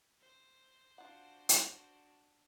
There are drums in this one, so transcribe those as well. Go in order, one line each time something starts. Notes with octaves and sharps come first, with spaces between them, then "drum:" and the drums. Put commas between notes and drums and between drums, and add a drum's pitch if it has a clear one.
C5
D4 F4 F#4 F#5
drum: hi-hat